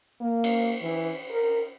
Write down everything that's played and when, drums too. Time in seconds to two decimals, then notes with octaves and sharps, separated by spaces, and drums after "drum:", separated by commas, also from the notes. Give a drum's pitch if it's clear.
0.21 A#3
0.44 drum: cymbal
0.82 E3
1.30 A#4